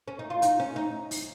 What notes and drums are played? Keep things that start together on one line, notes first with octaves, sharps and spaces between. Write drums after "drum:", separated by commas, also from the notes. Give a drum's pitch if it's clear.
C#4
D#4
F4
D#4, drum: hi-hat
C#4
D#4
drum: open hi-hat